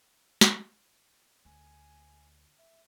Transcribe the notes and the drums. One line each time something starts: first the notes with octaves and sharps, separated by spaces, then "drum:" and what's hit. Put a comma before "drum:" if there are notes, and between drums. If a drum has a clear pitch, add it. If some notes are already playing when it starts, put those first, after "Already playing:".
drum: snare
D2 G#5
E5